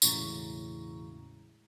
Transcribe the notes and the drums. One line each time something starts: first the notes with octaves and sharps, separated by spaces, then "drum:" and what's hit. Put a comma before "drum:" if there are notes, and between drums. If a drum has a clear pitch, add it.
E1 A2 C#3 A#5 C#6, drum: tambourine